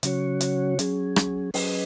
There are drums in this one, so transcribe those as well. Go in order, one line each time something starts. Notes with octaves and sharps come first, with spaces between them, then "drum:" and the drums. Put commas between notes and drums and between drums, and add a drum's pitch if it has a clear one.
C#3 F#3 C#4 F#4 C#5, drum: hi-hat
drum: hi-hat
F#3 C#4 G#4, drum: hi-hat
drum: rim click
F#3 C#4 G#4 B4 D#5, drum: open hi-hat